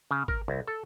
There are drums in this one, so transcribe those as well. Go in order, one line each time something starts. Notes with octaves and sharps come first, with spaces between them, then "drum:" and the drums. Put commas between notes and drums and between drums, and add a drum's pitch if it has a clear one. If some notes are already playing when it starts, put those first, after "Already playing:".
C#3
A#4, drum: kick
C2
A4